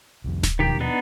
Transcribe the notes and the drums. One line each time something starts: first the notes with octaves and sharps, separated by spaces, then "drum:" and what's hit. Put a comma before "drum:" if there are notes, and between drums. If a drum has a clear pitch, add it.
C2 F2
drum: snare D1
D#2 B2 D#3 F3 G4
B3 D4 D#4